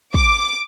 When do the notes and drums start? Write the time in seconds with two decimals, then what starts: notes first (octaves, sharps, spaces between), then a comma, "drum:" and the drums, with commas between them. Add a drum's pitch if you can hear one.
0.14 D6, drum: kick